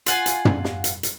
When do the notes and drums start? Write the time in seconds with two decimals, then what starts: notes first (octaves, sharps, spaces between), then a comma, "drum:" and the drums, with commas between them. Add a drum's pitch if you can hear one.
0.06 F4 F#5 G#5, drum: hi-hat
0.26 drum: hi-hat
0.45 drum: tom
0.64 drum: snare
0.84 drum: hi-hat
1.03 drum: hi-hat